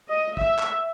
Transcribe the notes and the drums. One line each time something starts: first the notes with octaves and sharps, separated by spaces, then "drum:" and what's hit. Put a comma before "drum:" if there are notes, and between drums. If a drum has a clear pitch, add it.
D#5
E5, drum: kick
drum: clap